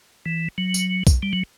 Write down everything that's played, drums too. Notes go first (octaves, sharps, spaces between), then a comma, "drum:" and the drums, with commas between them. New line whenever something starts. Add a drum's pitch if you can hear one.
E3
F#3
drum: tambourine
drum: kick B1, tambourine
G3
F#3